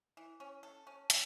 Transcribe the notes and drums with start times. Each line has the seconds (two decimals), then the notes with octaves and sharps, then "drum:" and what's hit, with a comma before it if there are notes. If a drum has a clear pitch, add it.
0.17 E3
0.40 C#4
0.63 A4
0.87 C#4
1.10 C#4, drum: hi-hat